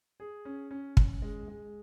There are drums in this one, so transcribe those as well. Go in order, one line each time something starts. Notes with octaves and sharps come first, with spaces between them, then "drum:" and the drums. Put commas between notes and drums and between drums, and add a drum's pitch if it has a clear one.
G#4
C#4
C#4
C#4, drum: kick
G#3
G#3